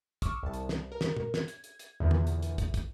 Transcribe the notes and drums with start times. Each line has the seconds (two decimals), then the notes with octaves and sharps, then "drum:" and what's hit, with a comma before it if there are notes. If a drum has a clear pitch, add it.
0.22 C#6 D6 E6 F6, drum: kick, hi-hat
0.43 C2 A5
0.54 drum: hi-hat
0.69 drum: snare
0.92 A#4
1.01 drum: snare
1.17 drum: tom A#2
1.34 G#6, drum: snare
1.48 drum: hi-hat
1.64 drum: hi-hat
1.79 drum: hi-hat
2.00 E2 A#2 D3
2.11 drum: tom
2.27 drum: hi-hat
2.42 drum: hi-hat
2.58 drum: kick, hi-hat
2.74 drum: kick, hi-hat